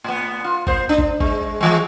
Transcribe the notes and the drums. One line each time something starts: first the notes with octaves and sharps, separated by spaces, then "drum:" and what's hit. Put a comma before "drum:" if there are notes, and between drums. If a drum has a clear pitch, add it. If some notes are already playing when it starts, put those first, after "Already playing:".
A2 B3
F4
A#3 C5, drum: kick
D4
drum: kick
G#3, drum: kick
E3 G#3